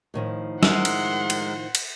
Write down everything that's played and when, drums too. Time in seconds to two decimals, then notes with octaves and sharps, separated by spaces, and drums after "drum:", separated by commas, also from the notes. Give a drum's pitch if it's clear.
0.14 A2 D#3 F3
0.63 G#3 A#4 E5 F#5 C6, drum: snare
0.85 drum: cymbal
1.30 drum: cymbal
1.75 drum: cymbal